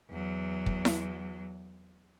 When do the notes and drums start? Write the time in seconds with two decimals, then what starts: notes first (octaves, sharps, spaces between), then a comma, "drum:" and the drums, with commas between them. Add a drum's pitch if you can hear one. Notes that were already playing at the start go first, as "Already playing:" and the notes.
0.10 E2 F#3
0.66 drum: kick
0.85 drum: snare E4